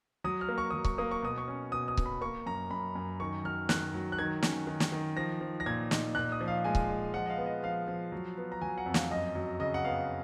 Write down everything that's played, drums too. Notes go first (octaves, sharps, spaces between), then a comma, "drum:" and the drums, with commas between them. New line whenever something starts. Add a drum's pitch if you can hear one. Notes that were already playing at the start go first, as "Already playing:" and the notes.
F#3 D#6
F6
A#3
C#6
F#3 D#6
C#6, drum: kick C#1
A#3 D#6
C#6
B2 D#6
C#6
C#4
B2 D#6
D#6
B2, drum: kick C#1
B5
A#3 C#6
F#2 A#5
F#2 B5
F#2
D#3 C#6
F#3 F6
D#3 F#6, drum: snare
F#3
F#6
D#3 G#6
C#4, drum: snare
D#3
drum: snare
D#3
F3 A#6
F3
A#6
A#2 G#6
D#4, drum: snare
A#2 F#6
D#6
F3
F5
G#3 G#5
drum: kick C#1
G#3
F3 F#5
D#5
F5
B3
D#5
F3 F5
F3
F#3
B3
A#5
F#3 G#5
F#5
F2
F5, drum: snare
F#2 D#5
F#3
C#3 D#5
F#5
B3 F5